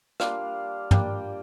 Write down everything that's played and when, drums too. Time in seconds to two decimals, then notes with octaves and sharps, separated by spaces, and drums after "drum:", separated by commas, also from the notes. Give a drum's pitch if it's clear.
0.20 G3 A#3 D4 F4 F5, drum: rim click
0.91 G3 A#3 D4 G5, drum: tom